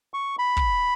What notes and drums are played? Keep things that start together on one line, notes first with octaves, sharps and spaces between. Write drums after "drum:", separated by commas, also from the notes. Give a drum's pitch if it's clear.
C#6
B5
drum: kick